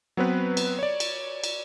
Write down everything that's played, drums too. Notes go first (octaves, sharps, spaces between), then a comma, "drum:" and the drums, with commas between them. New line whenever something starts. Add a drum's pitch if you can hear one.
F#3 B3 C4 B4
drum: cymbal
C#5 D5
drum: cymbal
drum: cymbal